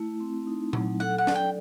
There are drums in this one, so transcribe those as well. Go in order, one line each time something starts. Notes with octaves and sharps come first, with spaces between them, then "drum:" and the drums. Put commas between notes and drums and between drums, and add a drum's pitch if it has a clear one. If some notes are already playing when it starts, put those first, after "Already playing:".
Already playing: A3 E4
C4
D#4
F#3, drum: tom A#2
A4 F#5
F#5
D5, drum: snare
G5